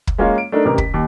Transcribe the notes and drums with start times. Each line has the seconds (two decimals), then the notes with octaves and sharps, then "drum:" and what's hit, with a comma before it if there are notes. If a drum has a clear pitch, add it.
0.07 drum: kick
0.18 G#3 A#3 C#4 F4 C#5
0.38 D7
0.52 A3 D4 D#4 A#4
0.65 A1 C3 A#4
0.78 B6, drum: kick
0.94 D#2